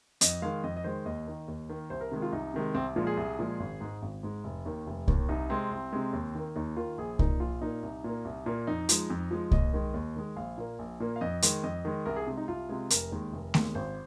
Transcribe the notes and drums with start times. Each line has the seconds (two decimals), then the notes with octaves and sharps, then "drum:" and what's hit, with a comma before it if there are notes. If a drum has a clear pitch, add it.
0.21 F2 D#5, drum: hi-hat
0.42 D#3 G#3 F5
0.63 F2 D#5
0.77 D#5
0.84 D#3 G#3 C5
1.06 D#2 D#5
1.27 D#3 A#3
1.48 D#2
1.69 D#3 A#3
1.90 C2 C5
2.01 A#4
2.11 C3 D#3 G#3
2.22 F4
2.33 C2 D#4
2.54 C3 D#3 G#3
2.75 C2 C4
2.96 A#2 F3 G#3 F4
3.07 G#4
3.17 C2
3.39 A#2 F3 G#3
3.60 G#1
3.80 G#2 G#3
4.02 G#1
4.23 G#2 G#3
4.44 F1
4.66 D#2 D#3 A#3
4.87 F1
5.08 D#2 D#3 A#3, drum: kick C2
5.29 C2 D#4
5.50 C3 G#3 C4
5.71 C2
5.93 C3 G#3
6.13 D#2
6.35 D#3 A#3
6.56 D#2 D#4
6.77 D#3 A#3 F4
6.98 A#1 G#4
7.19 A#2 A#3 D#4, drum: kick C2
7.40 A#1 F4
7.61 A#2 A#3 D#4
7.83 C2
8.04 A#2 A#3
8.25 C2
8.46 A#2 A#3
8.67 F2 D#4
8.89 F3 G#3, drum: hi-hat
9.10 F2
9.31 F3 G#3
9.51 D#2 D#5, drum: kick C2
9.73 D#3 G#3
9.94 D#2
10.16 D#3 G#3
10.36 A#1 F5
10.58 A#2 A#3
10.79 A#1
11.00 A#2 A#3
11.16 F5
11.21 F2 D#5
11.42 D#3 G#3, drum: hi-hat
11.63 F2 D#5
11.85 D#3 G#3
12.06 C2 A#4
12.16 G#4
12.27 C3 G#3
12.37 D#4
12.48 C2 F4
12.69 C3 G#3
12.90 F1 A#4, drum: hi-hat
13.12 D#2 D#3 G#3
13.33 F1
13.54 D#2 D#3 G#3, drum: snare A3
13.75 G#1 C5